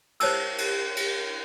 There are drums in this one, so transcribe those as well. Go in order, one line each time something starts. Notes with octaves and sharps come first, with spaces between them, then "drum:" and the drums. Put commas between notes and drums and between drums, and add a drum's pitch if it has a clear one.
C5 C#5 A5 E6, drum: cymbal
drum: cymbal
drum: cymbal